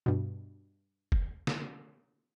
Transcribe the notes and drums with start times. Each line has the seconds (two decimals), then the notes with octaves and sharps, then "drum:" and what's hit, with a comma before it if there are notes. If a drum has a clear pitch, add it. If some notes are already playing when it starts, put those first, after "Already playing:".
0.06 G2 B2
1.12 drum: kick
1.47 drum: snare